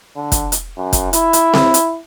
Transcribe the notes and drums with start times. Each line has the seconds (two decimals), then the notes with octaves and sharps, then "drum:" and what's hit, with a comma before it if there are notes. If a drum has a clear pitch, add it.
0.16 D3
0.32 drum: kick, hi-hat
0.52 drum: hi-hat
0.77 F#2
0.93 drum: kick, hi-hat
1.13 E4, drum: hi-hat
1.33 drum: hi-hat
1.54 drum: snare C4
1.74 drum: hi-hat